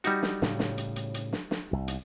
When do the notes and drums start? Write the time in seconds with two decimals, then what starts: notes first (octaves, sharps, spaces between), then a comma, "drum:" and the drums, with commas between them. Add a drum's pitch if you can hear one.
0.04 G3 D#4 F#4, drum: hi-hat
0.23 drum: snare
0.42 A2 C#3, drum: snare
0.59 drum: snare
0.78 drum: hi-hat
0.96 drum: hi-hat
1.14 drum: hi-hat
1.33 drum: snare
1.51 drum: snare
1.73 C2
1.88 drum: hi-hat